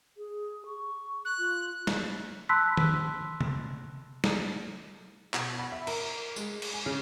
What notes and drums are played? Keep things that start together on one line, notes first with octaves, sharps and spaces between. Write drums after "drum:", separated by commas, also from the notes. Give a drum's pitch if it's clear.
G#4
C#6
F#6
F4
drum: snare
A5 B5 C6 E6 F#6 B6
drum: tom D#3
drum: tom C3
drum: snare
B2, drum: clap
B5
E5
A#4, drum: cymbal
G#3, drum: tambourine
drum: cymbal
G#5
C#3